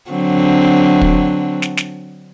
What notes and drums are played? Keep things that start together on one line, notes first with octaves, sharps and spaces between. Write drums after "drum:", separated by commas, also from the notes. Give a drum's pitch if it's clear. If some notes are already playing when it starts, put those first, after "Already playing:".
D3 F#3 C4
drum: kick
drum: snare
drum: snare